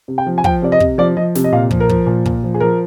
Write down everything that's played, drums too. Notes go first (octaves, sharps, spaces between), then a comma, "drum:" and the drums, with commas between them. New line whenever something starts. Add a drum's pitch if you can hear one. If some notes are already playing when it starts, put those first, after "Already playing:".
C3
G5
F3
G#5
F3 G5, drum: kick
C3 D5
D#5
C3, drum: kick
F3 D5
F3 D#5
C3, drum: snare
D#5
A#2 F5
F3, drum: kick
A#4
F3, drum: kick
A#2
A#2, drum: kick
F3
G#4
F3 A#4